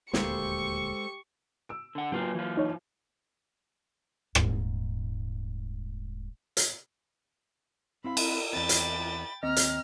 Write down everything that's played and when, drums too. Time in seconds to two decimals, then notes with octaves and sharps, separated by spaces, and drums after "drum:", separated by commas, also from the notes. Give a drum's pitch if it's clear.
0.13 D#1 D2 G#3 A#3 G4 A4 C5 C#6, drum: snare
1.69 E6 D7
1.95 D3 F#5
2.12 G2 F#3 A#3 F4 G4 B4
2.35 E3 F4
2.57 D#4 C#5
4.35 D#1 G#2, drum: rim click
6.57 drum: hi-hat
8.04 C4 E4 F5 B5
8.17 drum: cymbal
8.53 E2 C4 G5 B5 A6
8.69 drum: hi-hat
9.43 D#2 C4 D#5 A#5 F6
9.56 drum: hi-hat